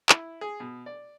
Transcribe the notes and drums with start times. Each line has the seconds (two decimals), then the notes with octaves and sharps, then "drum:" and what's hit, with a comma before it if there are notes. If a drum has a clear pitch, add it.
0.09 E4, drum: clap
0.41 G#4
0.60 B2
0.86 D5